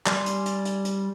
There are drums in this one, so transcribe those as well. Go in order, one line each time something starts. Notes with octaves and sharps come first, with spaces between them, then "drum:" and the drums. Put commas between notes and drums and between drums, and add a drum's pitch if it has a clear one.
G3 D5 G#5 C6 F6, drum: clap
drum: hi-hat
drum: hi-hat
drum: hi-hat
drum: hi-hat